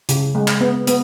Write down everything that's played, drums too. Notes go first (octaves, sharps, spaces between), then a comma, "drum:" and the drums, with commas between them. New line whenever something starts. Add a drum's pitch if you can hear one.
C#3, drum: hi-hat
G#3
drum: clap
B3
B3, drum: hi-hat